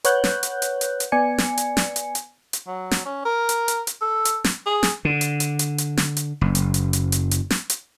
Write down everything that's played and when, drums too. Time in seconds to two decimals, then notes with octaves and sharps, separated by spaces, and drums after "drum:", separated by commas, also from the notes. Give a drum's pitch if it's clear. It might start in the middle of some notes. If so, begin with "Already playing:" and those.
0.04 B4 C#5 F#5 F#6 G6, drum: hi-hat
0.24 drum: snare
0.43 drum: hi-hat
0.62 drum: hi-hat
0.81 drum: hi-hat
1.00 drum: hi-hat
1.12 B3 D5 G#5 C#7
1.38 drum: snare
1.58 drum: hi-hat
1.77 drum: snare
1.96 drum: hi-hat
2.15 drum: hi-hat
2.53 drum: hi-hat
2.67 F#3
2.91 drum: snare
3.05 C#4
3.25 A#4
3.49 drum: hi-hat
3.68 drum: hi-hat
3.87 drum: hi-hat
4.01 A4
4.25 drum: hi-hat
4.44 drum: snare
4.66 G#4
4.83 drum: snare
5.05 D3
5.21 drum: hi-hat
5.40 drum: hi-hat
5.59 drum: hi-hat
5.78 drum: hi-hat
5.97 drum: snare
6.17 drum: hi-hat
6.41 F#1
6.55 drum: hi-hat
6.74 drum: hi-hat
6.93 drum: hi-hat
7.12 drum: hi-hat
7.31 drum: hi-hat
7.50 drum: snare
7.70 drum: hi-hat